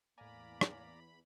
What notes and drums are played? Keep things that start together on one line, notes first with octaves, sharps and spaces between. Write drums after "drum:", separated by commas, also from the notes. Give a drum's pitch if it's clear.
E2 A2 A#3 D5 G#5 A#5 B5
drum: rim click